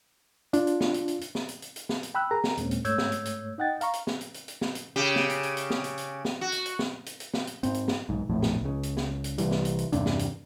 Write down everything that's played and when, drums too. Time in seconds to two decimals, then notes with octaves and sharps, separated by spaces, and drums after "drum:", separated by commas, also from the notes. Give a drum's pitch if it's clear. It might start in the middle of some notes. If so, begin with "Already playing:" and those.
0.53 D4 F4, drum: hi-hat
0.67 drum: hi-hat
0.80 drum: snare
0.94 drum: hi-hat
1.08 drum: hi-hat
1.21 drum: hi-hat
1.35 drum: snare
1.49 drum: hi-hat
1.62 drum: hi-hat
1.76 drum: hi-hat
1.89 drum: snare
2.03 drum: hi-hat
2.15 G5 B5 E6 F#6
2.31 G#4 A#4 A#5
2.44 drum: snare
2.57 D#2 A#2 G#3 A#3 C4 C#4, drum: hi-hat
2.71 drum: hi-hat
2.85 G#2 A3 C#5 E6 G6 G#6, drum: hi-hat
2.98 drum: snare
3.12 drum: hi-hat
3.25 drum: hi-hat
3.58 D#4 D#5 F#5 G5 A6
3.81 F5 A#5 C#6, drum: hi-hat
3.93 drum: hi-hat
4.07 drum: snare
4.21 drum: hi-hat
4.34 drum: hi-hat
4.48 drum: hi-hat
4.61 drum: snare
4.75 drum: hi-hat
4.96 C#3 G4
5.16 drum: snare
5.29 drum: hi-hat
5.43 drum: hi-hat
5.57 drum: hi-hat
5.70 drum: snare
5.84 drum: hi-hat
5.97 drum: hi-hat
6.25 drum: snare
6.41 F#4
6.52 drum: hi-hat
6.66 drum: hi-hat
6.79 drum: snare
7.06 drum: hi-hat
7.20 drum: hi-hat
7.34 drum: snare
7.47 drum: hi-hat
7.63 G#2 C4, drum: hi-hat
7.74 drum: hi-hat
7.88 drum: snare
8.09 B1 G#2
8.30 A#1 F2 A2
8.42 drum: snare
8.62 C#2 C#3
8.83 drum: hi-hat
8.97 drum: snare
9.24 drum: hi-hat
9.38 C2 E3 G3, drum: hi-hat
9.51 drum: snare
9.65 drum: hi-hat
9.78 drum: hi-hat
9.92 E2 G2 C3 D4, drum: hi-hat
10.06 drum: snare
10.19 drum: hi-hat